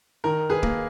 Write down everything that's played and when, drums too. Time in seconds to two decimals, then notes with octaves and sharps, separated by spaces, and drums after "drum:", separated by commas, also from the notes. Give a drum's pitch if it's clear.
0.24 D#3 A#4
0.49 G#4 B4
0.63 A#3, drum: kick D1